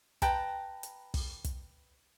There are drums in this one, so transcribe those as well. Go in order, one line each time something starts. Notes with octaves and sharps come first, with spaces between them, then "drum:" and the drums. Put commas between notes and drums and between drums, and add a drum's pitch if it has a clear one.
B4 G5 A5 A#5, drum: kick, hi-hat
drum: hi-hat
drum: kick, open hi-hat
drum: kick, hi-hat